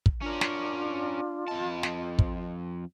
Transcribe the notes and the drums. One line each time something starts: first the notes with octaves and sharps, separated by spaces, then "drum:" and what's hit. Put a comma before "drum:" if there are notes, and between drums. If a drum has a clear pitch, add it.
drum: kick
C#4 D4 F4 A#4
drum: snare
F2 D#5 A5
drum: snare
drum: kick